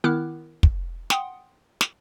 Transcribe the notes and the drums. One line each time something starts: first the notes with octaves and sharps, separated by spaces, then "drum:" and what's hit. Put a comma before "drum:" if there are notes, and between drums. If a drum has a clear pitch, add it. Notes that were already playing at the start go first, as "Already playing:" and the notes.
D#3 B3 E4 D6 F6 F#6
drum: kick
F#5 G5 C6 D#6, drum: snare
drum: snare